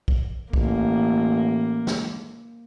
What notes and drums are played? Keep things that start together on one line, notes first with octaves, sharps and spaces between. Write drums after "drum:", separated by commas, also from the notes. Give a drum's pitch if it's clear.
drum: kick
A1 A#3, drum: kick
drum: snare